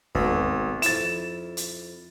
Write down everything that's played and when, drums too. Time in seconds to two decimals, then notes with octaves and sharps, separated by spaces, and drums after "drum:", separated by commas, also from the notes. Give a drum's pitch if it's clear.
0.15 G#1 B2 A3, drum: kick E2
0.82 F2 E4 A6 E7, drum: hi-hat
1.57 drum: hi-hat